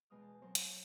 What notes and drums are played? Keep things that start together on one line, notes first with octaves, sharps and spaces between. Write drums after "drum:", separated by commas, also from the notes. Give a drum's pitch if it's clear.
E2 B2 G#3 B3 D#6 F6
A5
F#3 B3 C4 A#4 C5 C#6
C#5, drum: hi-hat